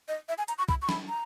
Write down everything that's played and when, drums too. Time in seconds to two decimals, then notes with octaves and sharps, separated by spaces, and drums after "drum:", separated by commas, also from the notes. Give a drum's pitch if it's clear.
0.08 D#5
0.29 E5
0.38 G#5
0.48 A#5, drum: hi-hat
0.58 C#6
0.69 B5, drum: kick C2
0.82 C#6
0.89 B5, drum: snare
1.08 A#5